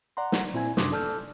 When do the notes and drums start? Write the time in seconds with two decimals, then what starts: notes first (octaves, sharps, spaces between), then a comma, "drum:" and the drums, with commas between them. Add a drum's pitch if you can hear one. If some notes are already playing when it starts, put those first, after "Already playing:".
0.17 D5 F#5 A#5 C6
0.32 drum: snare
0.54 A#2 C4 E4 G#5 G#6
0.77 F#2 C3 D4 C6 D6 D#6, drum: snare
0.92 A4 D5 A5 E6 F6 G6